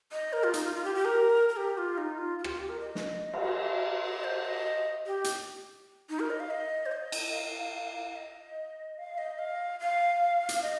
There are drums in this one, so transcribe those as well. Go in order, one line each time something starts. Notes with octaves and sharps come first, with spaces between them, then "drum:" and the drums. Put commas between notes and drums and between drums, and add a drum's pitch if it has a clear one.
D#5
A#4
F4
D#4, drum: hi-hat
F4
F4
G4
G4
A#4
A#4
G4
F4
D#4
F4
F4
G4, drum: rim click
F4
G4
A#4
D#5
drum: snare
drum: cymbal
D#5
C5
D#5
G4
drum: hi-hat
D#4
A#4
D#5
F5
D#5
C5
D#5
drum: cymbal
F5
D#5
F5
D#5
F5
F5
drum: hi-hat
D#5